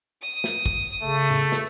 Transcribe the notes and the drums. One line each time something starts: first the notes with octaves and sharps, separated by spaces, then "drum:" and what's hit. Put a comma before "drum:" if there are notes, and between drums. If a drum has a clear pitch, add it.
D#6
drum: snare
drum: kick
C#3 A3
drum: tom A2
drum: snare